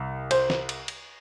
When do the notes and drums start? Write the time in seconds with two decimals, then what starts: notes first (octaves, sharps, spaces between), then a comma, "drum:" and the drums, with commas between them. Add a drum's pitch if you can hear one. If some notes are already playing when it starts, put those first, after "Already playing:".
Already playing: C2
0.31 C5, drum: cymbal
0.50 drum: snare
0.69 drum: cymbal
0.88 drum: cymbal